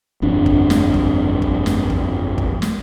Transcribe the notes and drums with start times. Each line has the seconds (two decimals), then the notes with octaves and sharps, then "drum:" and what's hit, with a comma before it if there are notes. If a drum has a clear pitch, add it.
0.22 G1 F2 D4
0.46 drum: kick
0.70 drum: snare
0.94 drum: kick
1.42 drum: kick
1.66 drum: snare
1.90 drum: kick
2.38 drum: kick
2.62 drum: snare